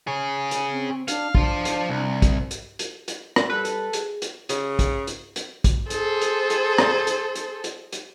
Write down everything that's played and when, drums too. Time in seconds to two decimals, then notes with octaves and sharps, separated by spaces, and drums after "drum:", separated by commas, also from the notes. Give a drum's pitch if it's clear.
0.07 G#4 C#5
0.51 drum: hi-hat
0.71 C4
1.08 D4 F5, drum: hi-hat
1.35 D4 F4 C5, drum: kick
1.65 drum: hi-hat
1.89 C2
2.22 drum: kick, hi-hat
2.51 drum: hi-hat
2.79 drum: hi-hat
3.08 drum: hi-hat
3.36 drum: rim click
3.50 G3 A4 B4
3.65 drum: hi-hat
3.93 G#4, drum: hi-hat
4.22 drum: hi-hat
4.49 C#3, drum: hi-hat
4.79 drum: kick, hi-hat
5.07 drum: hi-hat
5.36 drum: hi-hat
5.64 drum: kick, hi-hat
5.90 G#4 A4 C5, drum: hi-hat
6.21 drum: hi-hat
6.50 drum: hi-hat
6.78 drum: rim click
7.07 drum: hi-hat
7.35 drum: hi-hat
7.64 drum: hi-hat
7.92 drum: hi-hat